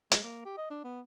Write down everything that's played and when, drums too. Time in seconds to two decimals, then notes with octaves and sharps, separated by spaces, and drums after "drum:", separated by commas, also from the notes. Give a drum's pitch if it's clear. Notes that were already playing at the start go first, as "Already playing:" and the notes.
0.12 G#3, drum: hi-hat
0.23 A#3
0.45 G4
0.57 D#5
0.70 D4
0.84 B3